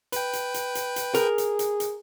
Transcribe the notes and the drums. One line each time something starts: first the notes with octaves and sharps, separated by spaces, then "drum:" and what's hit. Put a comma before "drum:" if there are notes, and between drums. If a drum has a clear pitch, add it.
B4 G5, drum: hi-hat
drum: hi-hat
drum: hi-hat
drum: hi-hat
drum: hi-hat
G#4 A#4, drum: hi-hat
drum: hi-hat
drum: hi-hat
drum: hi-hat